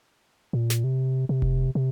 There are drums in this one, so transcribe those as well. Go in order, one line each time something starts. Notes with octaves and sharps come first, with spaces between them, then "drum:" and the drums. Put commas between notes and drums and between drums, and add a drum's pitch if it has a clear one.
A#2
drum: snare
C3
C3
drum: kick F1
C3